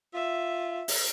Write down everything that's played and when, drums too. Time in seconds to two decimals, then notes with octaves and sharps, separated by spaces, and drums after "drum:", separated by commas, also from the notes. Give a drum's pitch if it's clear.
0.14 F4 E5
0.88 drum: open hi-hat